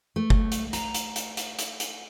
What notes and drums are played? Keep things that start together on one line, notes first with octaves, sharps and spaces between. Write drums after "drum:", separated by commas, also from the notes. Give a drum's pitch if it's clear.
A3
drum: kick F#1
drum: hi-hat
A#5, drum: hi-hat
drum: hi-hat
drum: hi-hat
drum: hi-hat
drum: hi-hat
drum: hi-hat